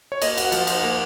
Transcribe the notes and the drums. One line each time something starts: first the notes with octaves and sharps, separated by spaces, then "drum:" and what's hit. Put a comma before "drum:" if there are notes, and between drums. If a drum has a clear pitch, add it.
C#5
A#3 D#5, drum: cymbal
F#4, drum: cymbal
F#5
F3, drum: cymbal
D#4, drum: cymbal
A#3